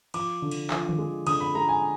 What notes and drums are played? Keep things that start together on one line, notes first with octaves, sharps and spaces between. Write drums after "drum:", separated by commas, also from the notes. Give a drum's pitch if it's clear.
F3 D6, drum: cymbal
D3
drum: cymbal
F3, drum: clap
drum: tom D3
G#3
D3 D#6, drum: cymbal
B5
G#3 A#5
G#5